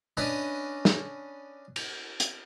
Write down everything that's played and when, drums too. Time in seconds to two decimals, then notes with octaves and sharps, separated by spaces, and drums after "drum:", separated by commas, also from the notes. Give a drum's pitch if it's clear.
0.17 C#4 D4 B4 D#5
0.85 drum: snare
1.76 drum: cymbal
2.20 drum: hi-hat